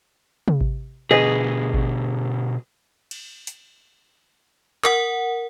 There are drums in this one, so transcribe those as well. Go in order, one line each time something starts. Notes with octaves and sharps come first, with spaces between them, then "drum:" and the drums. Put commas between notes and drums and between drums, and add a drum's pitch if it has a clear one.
drum: tom C3
drum: kick G#1
B2 D3 G#4 B4 D#5
drum: kick G#1
drum: cymbal
drum: hi-hat
A#4 F#5, drum: clap